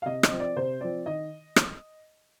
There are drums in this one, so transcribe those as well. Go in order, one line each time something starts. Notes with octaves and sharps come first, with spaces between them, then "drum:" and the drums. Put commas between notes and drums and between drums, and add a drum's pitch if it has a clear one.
F5
C3 D#5
D#5, drum: rim click
F3 C4
D5
C3 C5
F3 C4 D5
D#3 D#5
drum: rim click